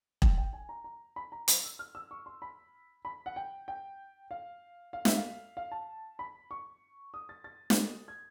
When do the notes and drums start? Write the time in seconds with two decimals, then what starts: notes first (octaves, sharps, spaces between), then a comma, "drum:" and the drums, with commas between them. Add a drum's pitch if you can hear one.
0.22 G5, drum: kick E1
0.37 G5
0.53 G#5
0.69 A#5
0.84 A#5
1.16 B5
1.32 A#5
1.48 B5, drum: hi-hat
1.64 E6
1.79 F6
1.95 E6
2.11 C#6
2.26 C6
2.42 B5
3.05 B5
3.26 F#5
3.36 G5
3.68 G5
4.31 F5
4.93 F5
5.05 E5, drum: snare
5.17 F5
5.57 F5
5.72 A5
6.19 B5
6.51 C#6
7.14 D#6
7.29 A6
7.44 A6
7.70 drum: snare
8.08 G#6